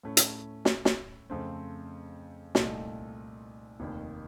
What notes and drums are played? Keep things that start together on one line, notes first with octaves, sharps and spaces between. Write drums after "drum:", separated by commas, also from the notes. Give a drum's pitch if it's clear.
A2 A3 C#4
drum: hi-hat
drum: snare
drum: snare
F2 C#3 A3 C4
C2 A#2 A3 D#4, drum: snare
F1 D#2 D#3